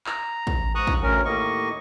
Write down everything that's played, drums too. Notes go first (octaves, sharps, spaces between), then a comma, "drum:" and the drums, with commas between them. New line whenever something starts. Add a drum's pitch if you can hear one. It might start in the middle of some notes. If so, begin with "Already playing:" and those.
A#5, drum: clap
drum: kick
G#2 A#5 C#6 D#6 F#6
drum: kick
D2 C#4 A#4
D#2 A2 A#3 D#5 C#6